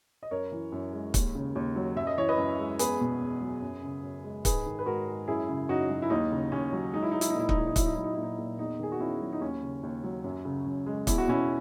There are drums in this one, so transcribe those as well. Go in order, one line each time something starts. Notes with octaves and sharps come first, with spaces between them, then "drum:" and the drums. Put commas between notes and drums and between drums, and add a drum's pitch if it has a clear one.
D#5
F#2 A#4 C#5
E3
F#2
G#3
D#2, drum: kick, hi-hat
C#3
D#2
F#3
F#2 E5
D#5
E3 C#5
B4 D#5
F#2
G#3
E2 G#4 B4, drum: hi-hat
B2
E2
F#3
F#2
C#3
F#2
G#3
G#2 G#4 B4, drum: kick, hi-hat
D#3
B4
G#2 F#4 A#4
G#3
F#2 E4 G#4
C#3
F#2 D#4 F#4
F#3
E4
D#2 D#4
C#3
D#2 C#4
F#3
G#3 D#4
E4
G#3 D#4
E4, drum: hi-hat
D#4
A#2 E4
D#4, drum: kick
A#2 E4
D#4
F#3 E4, drum: kick, hi-hat
D#4
F#3 E4
D#4
A#2 E4
D#4
A#2
E2 D#4
D#3 G#4
F#4
E2 C#4 E4
F#3
D#4
D#2 C#4
C#3
D#2
F#3
F#2
C#3
F#2
G#3
E2 E4, drum: kick, hi-hat
F#4
B2 C#4 E4